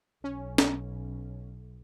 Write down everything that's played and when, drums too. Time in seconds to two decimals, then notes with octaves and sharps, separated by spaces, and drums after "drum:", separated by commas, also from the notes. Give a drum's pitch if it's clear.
0.24 B1 C#4
0.58 drum: snare C#4